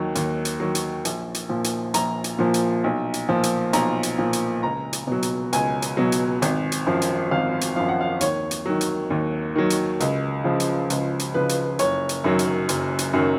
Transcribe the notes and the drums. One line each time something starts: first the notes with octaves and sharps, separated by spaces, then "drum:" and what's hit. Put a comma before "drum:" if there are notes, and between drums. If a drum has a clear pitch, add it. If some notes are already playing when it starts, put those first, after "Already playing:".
Already playing: D#2 D#3 F#3
D#2, drum: hi-hat
drum: hi-hat
D#3 F#3
drum: hi-hat
A#1, drum: hi-hat
drum: hi-hat
A#2 F3
drum: hi-hat
A#1 A#5, drum: hi-hat
drum: hi-hat
A#2 F3
drum: hi-hat
B1
drum: hi-hat
A#2 F3
drum: hi-hat
B1 A#5, drum: hi-hat
drum: hi-hat
A#2 F3
drum: hi-hat
C#2 A#5
drum: hi-hat
B2 F#3
drum: hi-hat
C#2 G#5, drum: hi-hat
drum: hi-hat
B2 F#3
drum: hi-hat
G#1, drum: hi-hat
drum: hi-hat
F#2 F3
drum: hi-hat
G#1 F5
drum: hi-hat
F#2 F3 F5
F#5
F5
D#2 C#5, drum: hi-hat
drum: hi-hat
D#3 F#3
drum: hi-hat
D#2
D#3 F#3
drum: hi-hat
C#2, drum: hi-hat
C#3 F3
drum: hi-hat
C#2, drum: hi-hat
drum: hi-hat
C#3 F3 B4
drum: hi-hat
F#1 C#5, drum: hi-hat
drum: hi-hat
F#2 D#3 F#3
drum: hi-hat
F#1, drum: hi-hat
drum: hi-hat
F#2 D#3 F#3